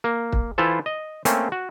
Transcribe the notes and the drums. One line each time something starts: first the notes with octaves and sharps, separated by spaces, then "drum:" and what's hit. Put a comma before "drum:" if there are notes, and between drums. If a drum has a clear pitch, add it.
A#3
drum: kick
E3 E4 F4 A4 C5
D#5
A3 A#3 C4 C#4, drum: hi-hat
F#4